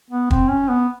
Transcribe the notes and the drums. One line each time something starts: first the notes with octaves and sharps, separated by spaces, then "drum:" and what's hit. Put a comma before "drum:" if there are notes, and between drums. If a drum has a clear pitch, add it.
B3
C4, drum: kick
C#4
B3